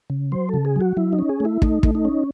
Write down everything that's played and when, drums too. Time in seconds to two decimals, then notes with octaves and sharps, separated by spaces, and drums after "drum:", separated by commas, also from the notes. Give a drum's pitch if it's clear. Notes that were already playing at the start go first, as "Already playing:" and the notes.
0.10 C#3
0.32 F#3 C5
0.49 C#3 A4
0.65 G#4
0.76 F#3 F#4
0.97 F#3 E4
1.13 D#4
1.19 C#4
1.29 G#4
1.40 A3 E4
1.62 A3 D#4, drum: kick
1.83 A3, drum: kick
1.95 D#4
2.05 C#4